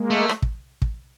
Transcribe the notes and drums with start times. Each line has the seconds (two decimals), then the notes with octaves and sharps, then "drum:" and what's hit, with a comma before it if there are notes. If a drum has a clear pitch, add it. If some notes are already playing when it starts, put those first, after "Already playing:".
Already playing: G#3 A#3
0.10 A3
0.29 drum: rim click
0.42 drum: kick
0.82 drum: kick